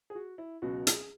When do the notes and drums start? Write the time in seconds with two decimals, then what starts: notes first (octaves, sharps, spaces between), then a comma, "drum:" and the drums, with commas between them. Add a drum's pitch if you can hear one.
0.10 G#4
0.15 F#4
0.38 E4
0.62 C#2 B2 F#3 F#4
0.87 G#4, drum: hi-hat